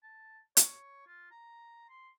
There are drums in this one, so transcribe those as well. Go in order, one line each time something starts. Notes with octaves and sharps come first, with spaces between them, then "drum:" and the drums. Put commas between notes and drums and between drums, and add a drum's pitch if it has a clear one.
A5
C#5, drum: hi-hat
F4
A#5
C6